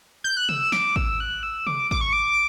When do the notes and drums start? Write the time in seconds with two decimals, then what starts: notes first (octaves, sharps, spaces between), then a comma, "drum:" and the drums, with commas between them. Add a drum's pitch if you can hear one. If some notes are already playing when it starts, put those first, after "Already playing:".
0.24 G6
0.37 F#6
0.49 E6, drum: tom C3
0.72 D6, drum: snare
0.96 E6, drum: kick G#1
1.20 F#6
1.43 E6
1.67 D6, drum: tom C3
1.91 D6, drum: kick G#1
2.01 C#6
2.13 D6